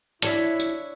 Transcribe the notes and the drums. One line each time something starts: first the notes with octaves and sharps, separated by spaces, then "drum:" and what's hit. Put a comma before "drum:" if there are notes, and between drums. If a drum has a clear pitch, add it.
D4 E4 C#5 E5, drum: hi-hat
drum: tambourine